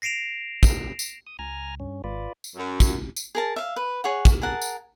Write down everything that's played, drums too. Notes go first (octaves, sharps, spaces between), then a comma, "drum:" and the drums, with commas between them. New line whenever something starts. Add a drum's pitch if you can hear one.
A#6 C7 D7 E7 F7
drum: kick, tambourine
drum: tambourine
D#6
C#2 G#5 A#5 F6
G2 C#4
G#1 F4 B4 D5
drum: tambourine
F#2
drum: kick, tambourine
drum: tambourine
G#4 A#4 A5
E5 F5
B4
G#4 C#5 F#5
drum: kick, tambourine
G#4 A#4 F#5 A5
drum: tambourine